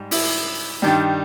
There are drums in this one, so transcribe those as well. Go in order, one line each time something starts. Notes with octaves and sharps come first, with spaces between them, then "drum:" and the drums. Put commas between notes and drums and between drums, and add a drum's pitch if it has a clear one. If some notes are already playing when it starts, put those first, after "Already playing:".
Already playing: G#2 G3
E4, drum: open hi-hat
G2 D#3 G3